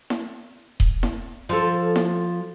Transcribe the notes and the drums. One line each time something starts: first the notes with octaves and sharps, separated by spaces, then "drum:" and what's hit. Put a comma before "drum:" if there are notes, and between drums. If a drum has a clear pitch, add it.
drum: snare E4
drum: kick D#1
drum: snare E4
F3 A4
drum: snare E4